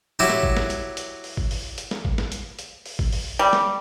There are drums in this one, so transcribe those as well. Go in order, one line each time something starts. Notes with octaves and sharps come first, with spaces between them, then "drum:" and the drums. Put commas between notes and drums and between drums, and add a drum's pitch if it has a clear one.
F#3 E4 F#4 G4
drum: snare
drum: kick G#1
drum: snare
drum: hi-hat
drum: hi-hat
drum: open hi-hat
drum: kick G#1
drum: open hi-hat
drum: hi-hat
drum: snare
drum: kick G#1
drum: snare
drum: hi-hat
drum: hi-hat
drum: open hi-hat
drum: kick G#1
drum: open hi-hat
G3
drum: snare